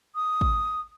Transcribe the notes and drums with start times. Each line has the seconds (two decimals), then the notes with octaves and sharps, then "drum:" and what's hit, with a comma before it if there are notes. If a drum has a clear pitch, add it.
0.15 D#6
0.41 drum: kick